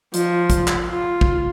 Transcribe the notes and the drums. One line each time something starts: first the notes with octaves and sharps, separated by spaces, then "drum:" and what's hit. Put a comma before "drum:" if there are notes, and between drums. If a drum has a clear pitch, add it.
F3, drum: hi-hat
drum: kick, hi-hat
drum: clap
F4
drum: kick